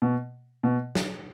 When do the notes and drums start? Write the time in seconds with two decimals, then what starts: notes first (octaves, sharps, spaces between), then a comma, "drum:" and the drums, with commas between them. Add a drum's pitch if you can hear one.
0.02 B2
0.63 B2
0.95 drum: snare